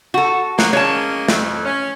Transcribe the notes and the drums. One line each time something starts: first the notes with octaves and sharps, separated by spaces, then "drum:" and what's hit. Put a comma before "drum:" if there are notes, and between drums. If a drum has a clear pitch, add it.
F#4 A4
A#3 B3 C#4, drum: snare
G#3 A#3 C#4 C#5 A5
F2 A3, drum: snare
C#4